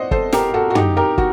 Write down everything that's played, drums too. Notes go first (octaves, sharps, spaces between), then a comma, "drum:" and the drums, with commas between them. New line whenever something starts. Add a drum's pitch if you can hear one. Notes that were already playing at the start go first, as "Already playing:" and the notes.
Already playing: C5 D5 D#5 F#5
A4 C5, drum: kick
G4 A#4, drum: snare
F#4 A4
F#4
D#4 G4, drum: tom
G4 A#4
F#4, drum: kick